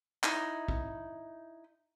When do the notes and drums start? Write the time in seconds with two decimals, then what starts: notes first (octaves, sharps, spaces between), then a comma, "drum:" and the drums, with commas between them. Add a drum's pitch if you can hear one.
0.24 D#4 E4, drum: clap
0.68 drum: kick